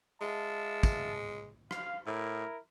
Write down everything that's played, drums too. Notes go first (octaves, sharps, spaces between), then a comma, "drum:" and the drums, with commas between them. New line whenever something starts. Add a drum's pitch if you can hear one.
G#3 E5 F5 A5
drum: kick, tambourine
F5, drum: rim click
A2 E4 A#4